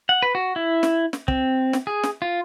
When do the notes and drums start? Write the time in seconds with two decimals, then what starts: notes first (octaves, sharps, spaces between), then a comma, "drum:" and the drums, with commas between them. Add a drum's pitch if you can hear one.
0.09 F#5
0.23 B4
0.35 F#4
0.56 E4
0.83 drum: snare
1.13 drum: snare
1.28 C4, drum: kick
1.73 drum: snare
1.87 G#4
2.03 drum: snare
2.22 F4